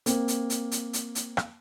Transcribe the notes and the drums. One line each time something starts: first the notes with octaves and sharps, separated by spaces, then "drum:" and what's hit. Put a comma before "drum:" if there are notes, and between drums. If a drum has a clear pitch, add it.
A#3 C4, drum: hi-hat
drum: hi-hat
drum: hi-hat
drum: hi-hat
drum: hi-hat
drum: hi-hat
drum: rim click